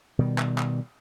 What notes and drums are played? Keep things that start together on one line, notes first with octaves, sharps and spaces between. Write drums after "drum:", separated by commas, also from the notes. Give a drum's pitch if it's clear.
B2 D#3 G3
drum: clap
drum: clap